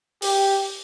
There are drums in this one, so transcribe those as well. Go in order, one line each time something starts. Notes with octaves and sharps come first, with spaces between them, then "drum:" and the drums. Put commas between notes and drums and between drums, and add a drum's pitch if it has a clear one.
G4, drum: open hi-hat